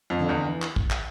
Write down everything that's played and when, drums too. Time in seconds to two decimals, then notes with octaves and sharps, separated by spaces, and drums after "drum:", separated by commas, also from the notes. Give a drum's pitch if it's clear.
0.10 F2
0.20 D3
0.29 E2
0.48 E3
0.62 drum: clap
0.76 drum: kick
0.91 drum: clap